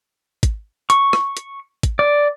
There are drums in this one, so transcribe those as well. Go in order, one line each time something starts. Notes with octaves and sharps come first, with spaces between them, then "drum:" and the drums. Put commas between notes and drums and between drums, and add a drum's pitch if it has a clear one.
drum: kick, hi-hat
C#6, drum: hi-hat
drum: rim click
drum: hi-hat
drum: kick, hi-hat
D5